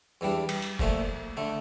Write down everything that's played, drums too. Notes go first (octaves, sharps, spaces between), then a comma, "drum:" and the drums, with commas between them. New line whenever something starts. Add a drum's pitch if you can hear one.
E2 E3 G3 D4
drum: cymbal
drum: hi-hat
A#2 F3 A3, drum: kick
D3 A3